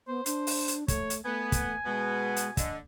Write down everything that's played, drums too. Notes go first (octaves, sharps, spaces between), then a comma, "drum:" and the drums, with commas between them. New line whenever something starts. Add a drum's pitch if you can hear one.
B3 C5
D4 C5, drum: hi-hat
drum: open hi-hat
drum: hi-hat
A3 C#5, drum: kick, hi-hat
drum: hi-hat
A3 B3 G#5
drum: kick, hi-hat
B2 G#3 B3
drum: hi-hat
D3 D#5, drum: kick, hi-hat